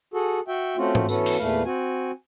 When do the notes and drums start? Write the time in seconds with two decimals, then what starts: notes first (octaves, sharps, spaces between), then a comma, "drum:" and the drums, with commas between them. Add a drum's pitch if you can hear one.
0.14 F#4 G#4 A4
0.48 F#4 E5 G5
0.77 A3 C4 C#4 F4 F#4
0.95 drum: tom G#2
1.09 E3 B3 C#4 F#4 A4 B4, drum: tambourine
1.26 drum: open hi-hat
1.39 E2 A#2 E3 A3 B4 F5
1.65 C4 F#4 G#5